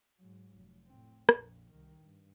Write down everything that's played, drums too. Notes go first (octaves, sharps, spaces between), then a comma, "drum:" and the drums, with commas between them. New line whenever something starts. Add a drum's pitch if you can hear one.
G#2 F#3
F1
A2 C4
A#1 F2, drum: rim click
C2 D#3
G2